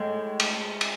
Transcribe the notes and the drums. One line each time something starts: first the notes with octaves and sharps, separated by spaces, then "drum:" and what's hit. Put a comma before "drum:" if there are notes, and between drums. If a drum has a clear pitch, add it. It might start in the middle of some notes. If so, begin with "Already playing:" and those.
Already playing: A2 G#3
drum: cymbal
drum: cymbal